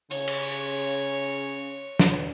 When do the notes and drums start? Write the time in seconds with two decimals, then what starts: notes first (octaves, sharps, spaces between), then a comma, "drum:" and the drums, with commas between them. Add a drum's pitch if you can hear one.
0.11 C#3 C#5, drum: hi-hat
0.28 drum: cymbal
1.99 drum: snare